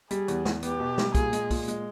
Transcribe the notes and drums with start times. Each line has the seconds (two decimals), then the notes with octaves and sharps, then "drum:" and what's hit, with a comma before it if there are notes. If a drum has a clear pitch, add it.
0.11 G3 G#4, drum: hi-hat
0.28 E2, drum: hi-hat
0.45 E2, drum: snare
0.63 B3 G4, drum: hi-hat
0.80 B2
0.98 G3, drum: snare
1.15 A#2 G#4, drum: kick, hi-hat
1.33 G#3, drum: hi-hat
1.50 A#2, drum: kick, open hi-hat
1.68 G#3, drum: hi-hat